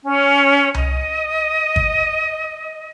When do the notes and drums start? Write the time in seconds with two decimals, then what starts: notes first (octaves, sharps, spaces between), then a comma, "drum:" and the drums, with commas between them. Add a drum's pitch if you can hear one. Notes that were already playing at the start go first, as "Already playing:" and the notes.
0.05 C#4
0.74 D#5, drum: tom C2
1.76 drum: kick G1